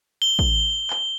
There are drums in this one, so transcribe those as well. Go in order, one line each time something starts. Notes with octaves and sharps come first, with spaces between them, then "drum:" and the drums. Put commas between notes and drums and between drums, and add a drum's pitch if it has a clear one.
G7
drum: kick
drum: clap